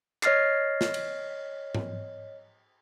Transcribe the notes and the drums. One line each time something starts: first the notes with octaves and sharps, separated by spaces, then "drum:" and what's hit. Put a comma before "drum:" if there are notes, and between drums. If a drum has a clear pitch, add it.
C#5 D#5 F6 A6 C7, drum: clap
drum: snare
drum: cymbal
drum: tom G#2